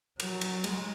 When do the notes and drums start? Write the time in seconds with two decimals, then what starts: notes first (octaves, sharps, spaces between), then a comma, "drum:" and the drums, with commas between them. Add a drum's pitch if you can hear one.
0.20 F#3, drum: cymbal
0.41 drum: cymbal
0.64 G#3, drum: cymbal